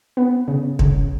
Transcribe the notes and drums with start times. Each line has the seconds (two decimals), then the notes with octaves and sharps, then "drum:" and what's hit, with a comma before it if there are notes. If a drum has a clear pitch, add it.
0.17 B3
0.48 C#3
0.79 C#3, drum: kick